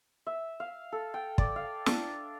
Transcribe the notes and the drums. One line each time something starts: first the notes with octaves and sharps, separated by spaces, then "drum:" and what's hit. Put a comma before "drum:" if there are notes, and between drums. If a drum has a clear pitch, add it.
E5
F5
A4
G5
D5, drum: kick
F5
D4, drum: snare